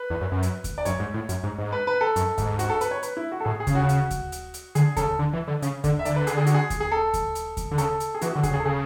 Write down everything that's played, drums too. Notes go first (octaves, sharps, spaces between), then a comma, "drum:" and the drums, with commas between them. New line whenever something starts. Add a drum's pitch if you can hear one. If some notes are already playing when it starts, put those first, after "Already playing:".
Already playing: B4
E2
F#2
F#2
drum: hi-hat
drum: kick D#2, hi-hat
D5
F#2 C#5, drum: hi-hat
G#2
A2
F#2, drum: hi-hat
G#2
G#2
B4
B4
A4
F#2, drum: hi-hat
G#2, drum: kick D#2, hi-hat
F#4, drum: hi-hat
A4
B4, drum: hi-hat
C#5
B4, drum: hi-hat
E4
F#4
A4
A2 G#4
G#4
C#3, drum: kick D#2, hi-hat
F#4
drum: hi-hat
drum: kick D#2, hi-hat
drum: hi-hat
drum: hi-hat
D3 G#4, drum: hi-hat
C#3 A4, drum: kick D#2, hi-hat
D3
E3
D3
C#3, drum: hi-hat
D3, drum: kick D#2, hi-hat
E5
D3 D5, drum: hi-hat
B4
G#4, drum: hi-hat
G#4
F#4, drum: hi-hat
G#4
drum: kick D#2, hi-hat
G#4
A4
drum: kick D#2, hi-hat
drum: hi-hat
drum: kick D#2, hi-hat
D3
C#3 A4, drum: hi-hat
drum: hi-hat
G#4
E3 F#4, drum: hi-hat
D3 F#4
G#4, drum: kick D#2, hi-hat
C#3
G#4
A4
C#3 G#4